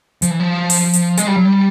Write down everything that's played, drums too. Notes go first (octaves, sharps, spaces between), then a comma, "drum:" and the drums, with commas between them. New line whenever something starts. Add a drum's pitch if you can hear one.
F3, drum: hi-hat
E3
F3
drum: open hi-hat
drum: hi-hat
G#3, drum: hi-hat
G3
F#3
G3